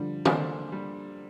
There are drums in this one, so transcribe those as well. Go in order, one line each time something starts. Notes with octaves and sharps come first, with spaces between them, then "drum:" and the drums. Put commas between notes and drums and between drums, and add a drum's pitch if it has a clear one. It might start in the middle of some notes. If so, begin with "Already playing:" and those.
Already playing: D3 F3 G3
A#3 D4 A4 C5, drum: tom
G3